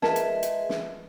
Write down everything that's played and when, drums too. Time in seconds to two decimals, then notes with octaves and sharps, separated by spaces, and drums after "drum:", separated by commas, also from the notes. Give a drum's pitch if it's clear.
0.02 G#3 F4 G#4 A#4 B4 E5 A5, drum: snare
0.16 drum: hi-hat
0.43 drum: hi-hat
0.69 drum: snare